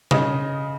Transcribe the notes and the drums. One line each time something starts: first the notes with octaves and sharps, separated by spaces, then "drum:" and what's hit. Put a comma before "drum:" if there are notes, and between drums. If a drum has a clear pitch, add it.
C#3 D#5, drum: tom B2